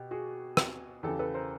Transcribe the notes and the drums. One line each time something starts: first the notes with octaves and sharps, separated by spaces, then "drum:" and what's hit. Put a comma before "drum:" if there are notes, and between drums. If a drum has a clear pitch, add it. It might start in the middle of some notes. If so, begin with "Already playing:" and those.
Already playing: B2 G4
F#4 G#4
drum: rim click
E2 C#3 E3 G4 A4
A4 B4
A#4 C5